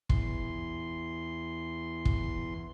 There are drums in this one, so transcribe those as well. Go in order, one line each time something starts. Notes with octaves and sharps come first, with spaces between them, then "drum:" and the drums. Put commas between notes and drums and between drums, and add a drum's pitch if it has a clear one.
E2 C6, drum: kick
drum: kick